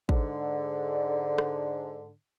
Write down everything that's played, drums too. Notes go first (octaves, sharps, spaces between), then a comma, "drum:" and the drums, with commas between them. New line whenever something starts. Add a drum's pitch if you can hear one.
G#2 D3, drum: kick
drum: rim click